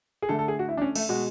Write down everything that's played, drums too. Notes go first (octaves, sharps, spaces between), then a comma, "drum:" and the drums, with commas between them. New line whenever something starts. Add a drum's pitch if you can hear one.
G#4
D3 A3 A4
A4
G#4
F#4
E4
D4
C#4
A3, drum: cymbal
B2 G#3 F#4